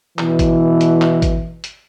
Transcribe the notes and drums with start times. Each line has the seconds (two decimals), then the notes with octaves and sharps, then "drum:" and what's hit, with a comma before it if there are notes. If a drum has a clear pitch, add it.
0.18 B2 E3, drum: clap
0.39 drum: kick G#1, hi-hat
0.81 drum: hi-hat
1.02 drum: clap
1.22 drum: kick G#1, hi-hat
1.64 drum: hi-hat